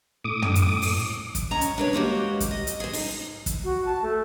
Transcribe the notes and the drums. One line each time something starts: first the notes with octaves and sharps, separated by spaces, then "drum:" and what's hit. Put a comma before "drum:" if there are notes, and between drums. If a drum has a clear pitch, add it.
A2 D6 D#6
drum: tom
drum: hi-hat
drum: open hi-hat
drum: kick, hi-hat
C#3 C#4 D#5 A#5
drum: hi-hat
D4 B4 C#5
G#3 A#3 F#4 G4
drum: kick, hi-hat
D#5
drum: hi-hat
G#4 C5
D#4, drum: open hi-hat
drum: kick, hi-hat
F#4
A5
A3